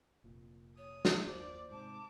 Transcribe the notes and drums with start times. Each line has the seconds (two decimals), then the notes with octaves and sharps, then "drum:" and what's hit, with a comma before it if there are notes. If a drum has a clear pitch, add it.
0.24 F1 A#2
0.77 C#5 D#6
1.05 drum: snare
1.26 F#1 D#2 A#3 F4 C5 D5
1.71 G#2 C3 A5 D6